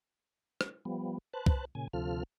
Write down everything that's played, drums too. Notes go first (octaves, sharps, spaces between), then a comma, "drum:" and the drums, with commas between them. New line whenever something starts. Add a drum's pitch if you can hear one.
drum: rim click
F3 G3 B3
B4 C5 A5 F#6
drum: kick
A#2 C#3 G#5
D2 C3 F3 F4 A4 F6